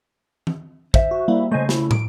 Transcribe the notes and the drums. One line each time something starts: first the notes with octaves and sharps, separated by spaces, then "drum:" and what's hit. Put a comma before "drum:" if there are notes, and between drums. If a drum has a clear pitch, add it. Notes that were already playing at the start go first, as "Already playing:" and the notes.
drum: tom
C5 E5, drum: kick
F#4
G3 A#3 E4
C#3 A3 C5 D#5 G#5
E4, drum: snare
D7, drum: tom